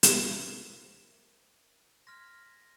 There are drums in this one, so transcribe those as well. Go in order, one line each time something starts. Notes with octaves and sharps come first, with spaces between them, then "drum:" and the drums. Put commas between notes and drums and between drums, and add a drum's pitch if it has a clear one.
A#4 C5 E5, drum: hi-hat
C6 F6 G#6 A#6 B6